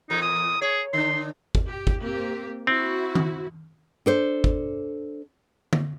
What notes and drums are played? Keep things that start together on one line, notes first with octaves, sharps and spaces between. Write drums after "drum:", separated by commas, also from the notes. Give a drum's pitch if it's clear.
E2 A#2 D#4 A#4
D#6
G#4 C#5
D3 D4 C6
drum: kick
G4
drum: kick
A#3 C4 G4
C4 E4 F#4
drum: tom D#3
D4 A4 C5
drum: kick
drum: tom D3